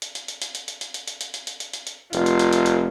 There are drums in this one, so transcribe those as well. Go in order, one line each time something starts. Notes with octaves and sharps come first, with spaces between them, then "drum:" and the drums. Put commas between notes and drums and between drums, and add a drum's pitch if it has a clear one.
drum: hi-hat
drum: hi-hat
drum: hi-hat
drum: hi-hat
drum: hi-hat
drum: hi-hat
drum: hi-hat
drum: hi-hat
drum: hi-hat
drum: hi-hat
drum: hi-hat
drum: hi-hat
drum: hi-hat
drum: hi-hat
drum: hi-hat
F1 F4, drum: hi-hat
drum: hi-hat
drum: hi-hat
drum: hi-hat
drum: hi-hat